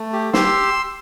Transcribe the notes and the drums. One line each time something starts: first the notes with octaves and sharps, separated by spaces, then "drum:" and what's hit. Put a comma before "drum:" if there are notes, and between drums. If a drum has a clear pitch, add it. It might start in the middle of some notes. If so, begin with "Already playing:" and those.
Already playing: A3
G4
G4 C6 E6, drum: snare